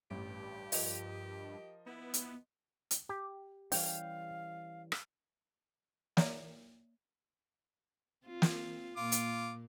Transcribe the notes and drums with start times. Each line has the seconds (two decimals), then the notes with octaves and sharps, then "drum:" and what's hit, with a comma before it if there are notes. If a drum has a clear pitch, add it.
0.11 A1 G2 G4
0.72 F3 A#4 D#5, drum: open hi-hat
1.86 B3 E4
2.14 drum: hi-hat
2.91 drum: hi-hat
3.09 G4
3.72 E3 G3 C#4 F5 G5, drum: open hi-hat
4.92 drum: rim click
6.17 A#3 C#5 D5 E5 A#5, drum: snare
8.25 C4 F4
8.42 drum: snare
8.97 A#2 A#3 F4 D6
9.12 drum: hi-hat